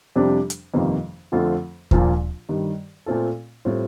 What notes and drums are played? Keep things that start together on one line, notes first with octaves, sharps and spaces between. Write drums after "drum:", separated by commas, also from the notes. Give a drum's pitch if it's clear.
F2 C3 G3 D4 G4
drum: hi-hat
G1 F2 C3 D#3 A#3
F2 D3 A3 C4 F4
A#1 A#2 F3 A#3 F4, drum: kick D#2
G2 D#3 G3
A#2 A3 C4 F4 A4
A2 G3 C4 F4